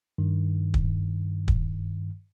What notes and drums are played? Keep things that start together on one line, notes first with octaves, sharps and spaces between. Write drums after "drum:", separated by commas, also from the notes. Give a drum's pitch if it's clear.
G2 D#3
drum: kick
drum: kick